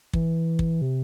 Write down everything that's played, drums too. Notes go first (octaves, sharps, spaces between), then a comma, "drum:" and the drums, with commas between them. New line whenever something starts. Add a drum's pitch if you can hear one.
E3, drum: kick
drum: kick
C3